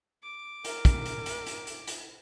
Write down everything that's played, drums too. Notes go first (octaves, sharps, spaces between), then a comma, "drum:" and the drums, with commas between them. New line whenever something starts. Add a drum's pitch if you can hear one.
D6
A#4, drum: hi-hat
drum: kick, hi-hat
drum: hi-hat
drum: hi-hat
drum: hi-hat
drum: hi-hat
drum: hi-hat